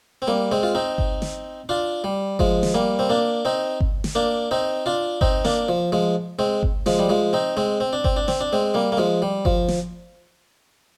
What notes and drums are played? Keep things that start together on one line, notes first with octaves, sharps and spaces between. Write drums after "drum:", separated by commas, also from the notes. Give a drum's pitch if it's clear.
C4
G3 A#3
G#3 C4
F4
C4 D#4
drum: kick G1
drum: snare
D4 F4
G3
F3 G#3, drum: kick G1
drum: snare
G3 A#3
C4
A#3 D4
C4 D#4
drum: kick G1
drum: snare
A#3 D4
C4 D#4
D4 F4
C4 D#4, drum: kick G1
A#3 D4, drum: snare
F3
F3 G#3
G#3 C4
drum: kick G1
F3 G#3, drum: snare
G3
F3 G#3
C4 D#4
G#3 C4
C4
D4
C4, drum: kick G1
D4
C4, drum: snare
D4
G#3 C4
G3 A#3
A#3
F3 G#3
G3
F3, drum: kick G1
drum: snare